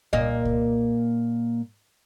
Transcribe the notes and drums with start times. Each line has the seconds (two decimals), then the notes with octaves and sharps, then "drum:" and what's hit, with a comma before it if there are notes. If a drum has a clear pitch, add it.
0.13 A#2 A#3 D#5, drum: kick C2
0.45 drum: kick C2